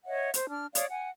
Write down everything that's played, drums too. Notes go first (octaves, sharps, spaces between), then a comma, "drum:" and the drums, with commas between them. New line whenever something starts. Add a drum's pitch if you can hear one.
C#5 D#5 E5 F#5
C5, drum: hi-hat
D4 F6
C#5 D5 F5 D#6, drum: hi-hat
F#5 G#5